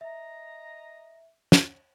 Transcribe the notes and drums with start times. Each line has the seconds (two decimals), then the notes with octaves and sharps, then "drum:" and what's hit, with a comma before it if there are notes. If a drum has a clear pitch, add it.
0.01 D#5 E5 A#5
1.52 drum: snare